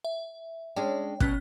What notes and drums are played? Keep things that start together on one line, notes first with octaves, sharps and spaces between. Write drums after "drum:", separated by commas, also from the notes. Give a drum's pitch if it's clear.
E5
G#3 C#4 D4 G5
B2 F#3 C#4 F#6, drum: kick